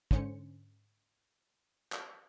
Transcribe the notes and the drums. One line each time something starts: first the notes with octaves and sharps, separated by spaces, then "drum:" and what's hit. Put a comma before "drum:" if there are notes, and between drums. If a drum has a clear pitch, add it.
G#2 D3 C#4 C5 C#7, drum: kick
drum: clap